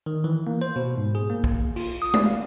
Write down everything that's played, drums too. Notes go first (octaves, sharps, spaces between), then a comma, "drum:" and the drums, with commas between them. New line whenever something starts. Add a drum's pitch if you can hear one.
D#3
E3
A#3
C5
B2
G#2
G#4
A#3
drum: kick
F4, drum: open hi-hat
D#6
D5, drum: tom G#3
F5